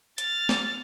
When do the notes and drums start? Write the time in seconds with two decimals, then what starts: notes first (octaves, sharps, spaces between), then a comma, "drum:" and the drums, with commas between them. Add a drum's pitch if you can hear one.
0.18 F6 A6, drum: hi-hat
0.49 drum: snare